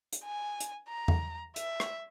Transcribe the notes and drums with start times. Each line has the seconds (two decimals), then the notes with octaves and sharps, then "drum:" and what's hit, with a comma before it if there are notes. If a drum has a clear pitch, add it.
0.13 drum: hi-hat
0.24 G#5
0.60 drum: hi-hat
0.88 A#5
1.08 drum: tom E2
1.56 E5, drum: hi-hat
1.80 drum: rim click